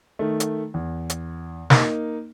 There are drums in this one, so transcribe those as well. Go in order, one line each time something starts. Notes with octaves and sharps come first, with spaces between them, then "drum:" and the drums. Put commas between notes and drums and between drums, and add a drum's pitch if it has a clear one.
D#3 A3
drum: hi-hat
E2
drum: hi-hat
A#3 D#4, drum: snare